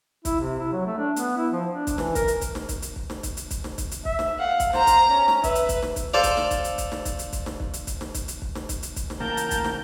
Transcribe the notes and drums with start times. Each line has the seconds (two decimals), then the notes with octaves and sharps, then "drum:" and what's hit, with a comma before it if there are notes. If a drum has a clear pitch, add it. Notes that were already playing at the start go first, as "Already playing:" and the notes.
0.25 E4, drum: kick, hi-hat
0.40 C3
0.59 E4
0.72 F#3
0.86 A3
0.98 D4
1.16 B3, drum: hi-hat
1.37 E4
1.52 F3
1.71 D4
1.87 drum: kick, hi-hat
1.98 E3, drum: snare
2.15 A#4, drum: kick, hi-hat
2.28 drum: hi-hat
2.41 drum: kick, hi-hat
2.55 drum: snare
2.69 drum: kick, hi-hat
2.82 drum: hi-hat
2.96 drum: kick
3.10 drum: snare
3.23 drum: kick, hi-hat
3.37 drum: hi-hat
3.51 drum: kick, hi-hat
3.64 drum: snare
3.78 drum: kick, hi-hat
3.91 drum: hi-hat
4.05 E5, drum: kick
4.19 drum: snare
4.39 F5 F#5
4.60 drum: kick, hi-hat
4.73 C5 A#5, drum: snare
4.87 drum: kick, hi-hat
5.09 C#4
5.28 drum: snare
5.44 B4 E5, drum: kick, hi-hat
5.55 drum: hi-hat
5.69 drum: kick, hi-hat
5.82 drum: snare
5.96 drum: kick, hi-hat
6.14 A4 C5 D5 F5
6.23 drum: kick, hi-hat
6.37 drum: snare
6.51 drum: kick, hi-hat
6.64 drum: hi-hat
6.78 drum: kick, hi-hat
6.92 drum: snare
7.05 drum: kick, hi-hat
7.19 drum: hi-hat
7.33 drum: kick, hi-hat
7.46 drum: snare
7.60 drum: kick
7.73 drum: hi-hat
7.87 drum: kick, hi-hat
8.01 drum: snare
8.14 drum: kick, hi-hat
8.28 drum: hi-hat
8.42 drum: kick
8.55 drum: snare
8.69 drum: kick, hi-hat
8.83 drum: hi-hat
8.96 drum: kick, hi-hat
9.10 drum: snare
9.20 A1 C#3 A#3 A#4 G5 A5 A#5 G6
9.37 drum: hi-hat
9.51 drum: kick, hi-hat
9.65 drum: snare